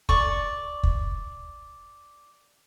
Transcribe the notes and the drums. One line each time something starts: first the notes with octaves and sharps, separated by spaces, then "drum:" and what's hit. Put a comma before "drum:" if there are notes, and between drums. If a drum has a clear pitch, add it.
D5 C#6, drum: kick
drum: kick